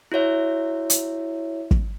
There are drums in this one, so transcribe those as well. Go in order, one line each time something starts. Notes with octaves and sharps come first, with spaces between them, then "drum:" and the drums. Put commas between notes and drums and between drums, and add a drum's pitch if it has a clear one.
E4 F#4 C#5 E5
drum: hi-hat
drum: kick